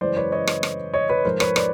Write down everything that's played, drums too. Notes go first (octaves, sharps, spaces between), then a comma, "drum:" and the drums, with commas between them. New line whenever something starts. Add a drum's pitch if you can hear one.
F#2 C#3 E3 G#3 C5 D5
B4 C#5
C#5 D#5
drum: rim click
drum: rim click
C#5 D#5
B4 C#5
G#2 F3 G#3 A#4 C5
B4 C#5, drum: rim click
C5 D5, drum: rim click